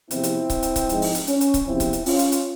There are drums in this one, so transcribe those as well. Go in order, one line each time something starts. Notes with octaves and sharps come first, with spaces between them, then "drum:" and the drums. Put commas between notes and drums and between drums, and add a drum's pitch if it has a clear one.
E2 C3 F3 C4 E4, drum: hi-hat
drum: hi-hat
drum: kick C#1, hi-hat
drum: hi-hat
drum: kick C#1, hi-hat
G#2 F3 G#3, drum: hi-hat
drum: open hi-hat
drum: hi-hat
C#4, drum: hi-hat
drum: hi-hat
drum: kick C#1, hi-hat
E2 C3 F3 C4 E4
drum: kick C#1, hi-hat
drum: hi-hat
C#4 F4, drum: open hi-hat
drum: hi-hat
drum: hi-hat